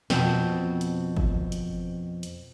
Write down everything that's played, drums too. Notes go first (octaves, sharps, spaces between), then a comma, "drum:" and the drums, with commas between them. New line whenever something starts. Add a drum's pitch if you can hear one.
F2 G#2 B2 C4, drum: snare
drum: hi-hat
drum: kick
drum: hi-hat
drum: hi-hat